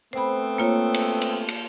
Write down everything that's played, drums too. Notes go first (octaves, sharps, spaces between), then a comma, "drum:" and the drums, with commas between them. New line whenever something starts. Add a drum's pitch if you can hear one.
A3 B3 C4 C5 B5
A#3 F4 C#5
drum: cymbal
drum: cymbal
drum: cymbal